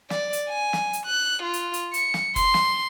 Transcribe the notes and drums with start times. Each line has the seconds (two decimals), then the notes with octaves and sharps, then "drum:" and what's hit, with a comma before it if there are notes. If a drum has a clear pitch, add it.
0.10 D5, drum: snare
0.33 drum: hi-hat
0.49 G#5
0.73 drum: snare
0.93 drum: hi-hat
1.06 F#6
1.42 F4
1.53 drum: hi-hat
1.74 drum: hi-hat
1.94 C#7, drum: hi-hat
2.14 drum: snare
2.36 C6, drum: kick, hi-hat
2.54 drum: snare